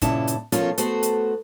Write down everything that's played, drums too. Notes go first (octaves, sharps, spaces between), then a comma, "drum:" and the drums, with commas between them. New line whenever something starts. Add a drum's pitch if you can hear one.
G2 A#2 C#3 C#4 E4 A5, drum: kick, hi-hat
drum: hi-hat
B2 F3 A3 C#4 F4 A#4, drum: hi-hat
A3 B3 F#4 C5, drum: hi-hat
drum: hi-hat